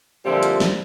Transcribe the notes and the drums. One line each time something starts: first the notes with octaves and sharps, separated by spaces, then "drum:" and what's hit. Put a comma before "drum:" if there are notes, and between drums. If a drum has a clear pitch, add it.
A#2 D3 F3 G3 C4 E4
drum: hi-hat
drum: snare